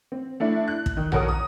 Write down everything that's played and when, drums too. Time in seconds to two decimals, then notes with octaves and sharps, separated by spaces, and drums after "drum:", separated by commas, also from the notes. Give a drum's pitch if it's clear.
0.12 C4
0.40 A3 D4 E4
0.68 F#6
0.86 drum: kick
0.97 D#3
1.12 F#4 A4 A#4 C#5 F#5 D#6, drum: tom A#1
1.28 A#5 D#6